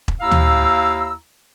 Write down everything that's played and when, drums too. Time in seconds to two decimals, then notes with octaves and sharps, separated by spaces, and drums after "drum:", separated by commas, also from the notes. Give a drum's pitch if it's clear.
0.08 drum: kick E1
0.21 D#2 E4 F5 A#5 E6
0.31 drum: tom D2